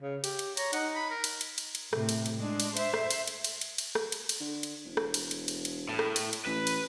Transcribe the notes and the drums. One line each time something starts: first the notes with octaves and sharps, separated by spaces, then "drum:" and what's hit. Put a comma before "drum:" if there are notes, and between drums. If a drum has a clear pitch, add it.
C#3
G4, drum: cymbal
drum: cymbal
C#5 A#5, drum: cymbal
D#4 F#5, drum: cymbal
B5
A#4
drum: cymbal
drum: cymbal
drum: cymbal
drum: cymbal
A2 C3, drum: rim click
drum: cymbal
drum: cymbal
G#3 D4
drum: cymbal
C5 E5, drum: cymbal
drum: rim click
drum: cymbal
drum: cymbal
drum: cymbal
drum: cymbal
drum: cymbal
drum: rim click
drum: cymbal
drum: cymbal
D3
drum: cymbal
E1
drum: rim click
drum: cymbal
drum: cymbal
drum: cymbal
drum: cymbal
A2
drum: rim click
drum: cymbal
drum: cymbal
A1 B4
drum: cymbal